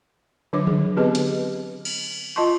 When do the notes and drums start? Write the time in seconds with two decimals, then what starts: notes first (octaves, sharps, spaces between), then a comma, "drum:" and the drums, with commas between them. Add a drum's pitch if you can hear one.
0.53 D3 F#3 D4 C#5 D6
0.67 G#4, drum: tom D3
0.97 B3 C4 G4 G#4 B4 D#5
1.15 drum: hi-hat
1.85 drum: cymbal
2.36 F4 D#5 A5 C6 C#6